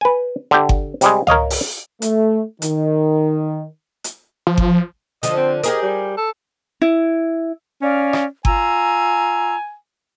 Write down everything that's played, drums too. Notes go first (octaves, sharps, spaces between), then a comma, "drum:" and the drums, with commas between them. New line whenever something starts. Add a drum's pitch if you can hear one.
B4 G#5
D3 G4
drum: kick G1
C3 G3 G#3, drum: hi-hat
A#4 C#5 D#5 F5, drum: tom
drum: open hi-hat
A3, drum: hi-hat
D#3, drum: hi-hat
drum: hi-hat
F3
drum: kick G1
D3 F3 D#5, drum: hi-hat
C4
G4 G#4 A#4 D#5, drum: hi-hat
G3
A4
E4
C#4 D5 F5
drum: rim click
F4 G#5 A#5 E6, drum: kick G1